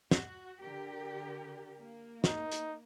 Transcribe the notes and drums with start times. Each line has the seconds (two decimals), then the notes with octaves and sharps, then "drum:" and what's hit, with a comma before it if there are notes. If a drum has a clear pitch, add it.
0.11 F#4, drum: snare
0.59 D3 G4 A#4
1.81 A#3
2.24 D#4, drum: snare
2.52 drum: hi-hat